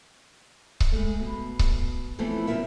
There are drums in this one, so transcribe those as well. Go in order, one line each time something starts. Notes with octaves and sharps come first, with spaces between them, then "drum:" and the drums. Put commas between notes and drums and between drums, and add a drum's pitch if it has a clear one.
drum: kick C#1
G#3 A3
B2
drum: kick C#1
E3 F3 A3 B3 C4
F#2 B2 A#4 E5